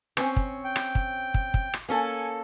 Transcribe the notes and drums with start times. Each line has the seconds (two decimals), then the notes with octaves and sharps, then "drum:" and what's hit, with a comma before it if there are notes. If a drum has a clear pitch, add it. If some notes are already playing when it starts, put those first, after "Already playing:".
0.17 C4 C#4 C#5, drum: rim click
0.36 drum: kick
0.64 G5
0.76 drum: rim click
0.95 drum: kick
1.34 drum: kick
1.54 drum: kick
1.74 drum: rim click
1.89 A#3 C#4 A4 G#5